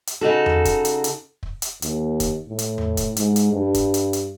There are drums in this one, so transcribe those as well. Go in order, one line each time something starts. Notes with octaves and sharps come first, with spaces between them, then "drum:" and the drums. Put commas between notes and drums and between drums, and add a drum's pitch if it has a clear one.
drum: hi-hat
C#3 D#4 F#4 A4
drum: tom E2
drum: kick, hi-hat
drum: hi-hat
drum: hi-hat
drum: kick
drum: hi-hat
D#2, drum: hi-hat
drum: kick, hi-hat
A2
drum: hi-hat
drum: tom E2
drum: kick, hi-hat
G#2, drum: hi-hat
drum: hi-hat
G2
drum: kick, hi-hat
drum: hi-hat
drum: hi-hat